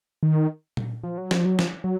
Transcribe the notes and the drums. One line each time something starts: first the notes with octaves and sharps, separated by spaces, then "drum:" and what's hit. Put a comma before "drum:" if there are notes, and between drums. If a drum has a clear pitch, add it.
D#3
drum: tom A#2
F3
F#3
F3, drum: snare
F#3
F3, drum: snare
F#3